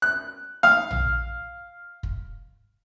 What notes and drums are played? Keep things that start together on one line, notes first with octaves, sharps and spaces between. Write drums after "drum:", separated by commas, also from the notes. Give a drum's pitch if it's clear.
F#6
F5, drum: snare D#4
drum: tom A#1
drum: kick